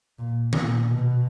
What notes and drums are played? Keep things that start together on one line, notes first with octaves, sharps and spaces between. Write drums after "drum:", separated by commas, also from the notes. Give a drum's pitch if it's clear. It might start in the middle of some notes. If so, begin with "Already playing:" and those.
A#2
A#2, drum: tom
B2